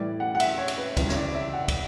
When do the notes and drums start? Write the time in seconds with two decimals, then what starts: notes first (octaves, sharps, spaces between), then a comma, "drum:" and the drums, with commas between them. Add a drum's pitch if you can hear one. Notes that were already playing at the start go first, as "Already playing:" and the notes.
Already playing: A2 E3 G3 D5
0.20 F#5
0.35 F#5
0.40 E5, drum: cymbal
0.58 C#5
0.68 drum: cymbal
0.78 B4
0.97 C#2 C#3 E3 G3, drum: kick, cymbal
1.09 C#5, drum: snare
1.16 D5
1.28 D5
1.35 E5
1.53 F#5
1.68 drum: kick, cymbal